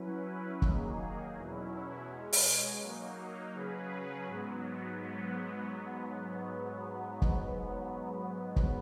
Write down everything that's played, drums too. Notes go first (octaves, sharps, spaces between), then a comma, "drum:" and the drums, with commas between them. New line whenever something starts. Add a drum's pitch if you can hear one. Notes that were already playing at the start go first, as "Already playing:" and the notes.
Already playing: F#3 C#4 E4 B4
D#3 F#3 A#3 D#4 G#4, drum: kick
E2 B2 F#3 C#4 E4
B2 G#3 C#4
drum: open hi-hat
F#3 A#3 D#4
C#3 F#3 C#4 G#4 B4
G#2 F#3 B3
G#2 F#3 B3
drum: kick
drum: kick